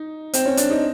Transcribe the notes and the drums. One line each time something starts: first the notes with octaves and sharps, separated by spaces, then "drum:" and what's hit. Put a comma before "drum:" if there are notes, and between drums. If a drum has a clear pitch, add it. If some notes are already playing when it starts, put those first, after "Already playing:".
Already playing: D#4
C4, drum: hi-hat
C#4
D4, drum: hi-hat
D#4